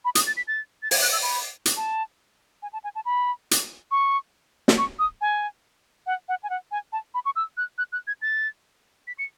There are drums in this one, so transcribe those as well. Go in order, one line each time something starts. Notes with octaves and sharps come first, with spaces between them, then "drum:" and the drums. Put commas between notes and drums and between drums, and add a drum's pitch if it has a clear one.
B5
D#6, drum: hi-hat
A6
B6
A6
A6
G#6, drum: open hi-hat
F#6
E6
B5
drum: hi-hat
A5
G#5
A5
G#5
A5
B5
drum: hi-hat
C#6
drum: snare
C#6
D#6
G#5
F#5
F#5
G#5
F#5
G#5
A5
B5
C#6
E6
F#6
F#6
F#6
G#6
A6
B6
C#7